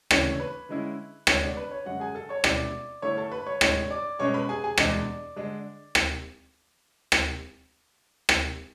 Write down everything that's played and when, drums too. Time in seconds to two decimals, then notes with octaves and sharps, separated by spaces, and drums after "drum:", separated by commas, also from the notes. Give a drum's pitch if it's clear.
0.11 C#3 E3 A3 D4 C#5, drum: rim click
0.40 B4
0.69 D3 G#3 C#4 E4
1.27 D3 G#3 B3 C#5, drum: rim click
1.41 D4 D5
1.57 B4
1.71 C#5
1.85 F#2 D3 G#3 F#4 F#5
2.00 G#4 G#5
2.15 A4 A5
2.29 C#5 C#6
2.44 B2 G#3 C#4 E4 D5 D6, drum: rim click
3.02 D3 A3 E4 C#5 C#6
3.17 A4 A5
3.32 B4 B5
3.46 C#5 C#6
3.61 A2 G#3 D4 C#5 C#6, drum: rim click
3.90 D5 D6
4.19 B2 G#3 C#4 C#5 C#6
4.34 B4 B5
4.49 G#4 G#5
4.64 G#4 G#5
4.78 E2 B2 G#3 D4 D5, drum: rim click
5.36 D3 G#3 D4
5.95 drum: rim click
7.12 drum: rim click
8.29 drum: rim click